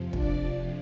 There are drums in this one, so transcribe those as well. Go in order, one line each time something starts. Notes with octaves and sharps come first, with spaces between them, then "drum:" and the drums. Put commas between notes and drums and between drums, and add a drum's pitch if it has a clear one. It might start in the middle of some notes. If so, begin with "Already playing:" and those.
Already playing: F2 C3 F3
D4 D5, drum: kick